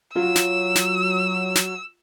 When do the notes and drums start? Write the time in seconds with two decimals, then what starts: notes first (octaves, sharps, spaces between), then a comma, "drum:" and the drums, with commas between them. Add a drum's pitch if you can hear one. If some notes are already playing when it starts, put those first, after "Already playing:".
0.16 F#3 F4 E6
0.36 drum: snare
0.75 drum: snare
1.55 drum: snare